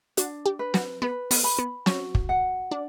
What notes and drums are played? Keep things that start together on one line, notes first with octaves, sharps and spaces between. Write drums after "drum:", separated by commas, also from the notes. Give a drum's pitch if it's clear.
D4 F#4, drum: hi-hat
G4
B4
F#4, drum: snare
B3 B4
B3, drum: open hi-hat
B5
B3
C#4 F#4, drum: snare
drum: kick
F#5
D4 D5